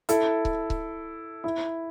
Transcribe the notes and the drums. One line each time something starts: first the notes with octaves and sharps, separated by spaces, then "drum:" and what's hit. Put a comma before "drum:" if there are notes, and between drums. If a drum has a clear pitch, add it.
E4 A4, drum: hi-hat
drum: kick C#1
drum: kick C#1
E4